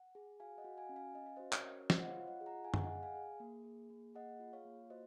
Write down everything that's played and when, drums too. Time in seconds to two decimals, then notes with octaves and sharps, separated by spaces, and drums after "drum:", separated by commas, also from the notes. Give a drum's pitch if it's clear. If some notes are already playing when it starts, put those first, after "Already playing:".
Already playing: F#5
0.15 G#4
0.40 F#4 F5 G#5
0.58 D#5 F#5
0.64 F#4
0.77 F5 G#5
0.89 C#4
0.96 F5 G#5
1.14 C#4 D#5
1.26 F5
1.36 F#4 C5 D#5
1.53 A#4 C#5, drum: clap
1.64 C#4
1.90 F4 C5 D#5, drum: snare
2.00 F#5
2.09 C#5 F5
2.16 F4
2.28 D#5 F#5
2.40 G#4
2.46 F#5 A#5
2.64 G#4 F5 G#5
2.74 drum: tom F#2
2.84 D#5 F#5
2.90 G#4
3.03 F5 G#5
3.15 G#4
3.40 A#3
3.65 G#4
3.90 A#3
4.15 G#4 D#5 F#5
4.40 F4
4.53 C#5 F5
4.65 A#3
4.90 F#4 C5 D#5